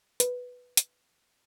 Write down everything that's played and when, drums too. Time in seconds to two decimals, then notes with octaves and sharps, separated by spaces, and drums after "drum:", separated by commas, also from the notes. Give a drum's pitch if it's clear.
0.20 B4, drum: hi-hat
0.77 drum: hi-hat